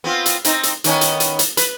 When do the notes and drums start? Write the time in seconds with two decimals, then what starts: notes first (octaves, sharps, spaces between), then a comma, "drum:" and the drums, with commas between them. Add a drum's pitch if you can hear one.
0.04 B3 C4 F4
0.26 drum: hi-hat
0.45 C4 D#4, drum: hi-hat
0.63 drum: hi-hat
0.84 D#3 B3 C#4, drum: hi-hat
1.01 drum: hi-hat
1.20 drum: hi-hat
1.39 drum: hi-hat
1.57 B4, drum: hi-hat